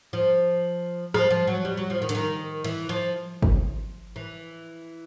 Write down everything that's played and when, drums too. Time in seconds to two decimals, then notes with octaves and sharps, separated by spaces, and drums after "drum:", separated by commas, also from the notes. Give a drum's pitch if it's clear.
0.13 F3
1.14 F3, drum: rim click
1.30 F3
1.47 F#3
1.65 G3
1.77 F#3
1.90 F3
2.02 D#3
2.09 D3, drum: hi-hat
2.15 D#3
2.64 E3, drum: cymbal
2.89 F3
3.42 drum: kick G1
4.16 E3